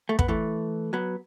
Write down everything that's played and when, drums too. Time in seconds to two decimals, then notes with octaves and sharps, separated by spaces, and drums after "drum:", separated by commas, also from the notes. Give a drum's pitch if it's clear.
0.09 A3
0.19 B3, drum: kick
0.28 E3 A3
0.93 F#3 B3